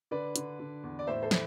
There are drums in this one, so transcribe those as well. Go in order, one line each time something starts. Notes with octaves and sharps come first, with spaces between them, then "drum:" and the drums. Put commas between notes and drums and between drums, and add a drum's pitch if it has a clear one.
D3 B4 D5
D3, drum: hi-hat
D3
E2
D5
A2 C5 E5
A4 C5
E3, drum: snare